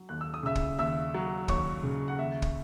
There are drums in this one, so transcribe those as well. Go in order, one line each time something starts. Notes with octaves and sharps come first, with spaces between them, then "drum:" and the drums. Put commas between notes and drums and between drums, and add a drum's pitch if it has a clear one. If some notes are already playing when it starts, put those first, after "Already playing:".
Already playing: F#3
D#2 F#6
E6
D#6
C#3 E5 E6
drum: kick
D#2 E5 E6
F#3
D#2 C#5 C#6, drum: kick
C#3
F#5
D#2 E5
drum: kick